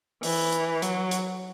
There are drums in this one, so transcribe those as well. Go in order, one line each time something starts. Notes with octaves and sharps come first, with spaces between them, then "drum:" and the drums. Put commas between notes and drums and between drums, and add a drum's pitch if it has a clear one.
E3, drum: open hi-hat
drum: hi-hat
F#3, drum: hi-hat
drum: hi-hat